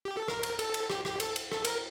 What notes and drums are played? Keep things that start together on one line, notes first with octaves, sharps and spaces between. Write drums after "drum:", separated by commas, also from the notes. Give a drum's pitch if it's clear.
G4
A4
A#4, drum: rim click
drum: cymbal
A4, drum: cymbal
drum: cymbal
G4, drum: rim click
G4, drum: rim click
A4, drum: cymbal
drum: cymbal
A4, drum: rim click
A#4, drum: cymbal